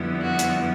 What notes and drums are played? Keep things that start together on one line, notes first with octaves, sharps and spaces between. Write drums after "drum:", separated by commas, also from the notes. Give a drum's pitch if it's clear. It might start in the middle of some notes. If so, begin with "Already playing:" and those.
Already playing: F2 D3 G3 B3 E4
F#4
drum: hi-hat